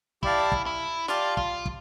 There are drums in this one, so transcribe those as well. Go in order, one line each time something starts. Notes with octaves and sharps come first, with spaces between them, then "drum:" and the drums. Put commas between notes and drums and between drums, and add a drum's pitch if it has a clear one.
E4 G4 D5 F5 A5, drum: kick
drum: kick
E4
F4 G4 D5 F5 A5, drum: snare
F4, drum: kick
drum: kick